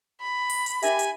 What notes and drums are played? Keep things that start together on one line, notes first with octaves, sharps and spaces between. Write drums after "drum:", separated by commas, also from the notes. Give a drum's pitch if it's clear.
B5
drum: open hi-hat
drum: hi-hat
D#4 G4 A#4 E5 G#5, drum: hi-hat
drum: hi-hat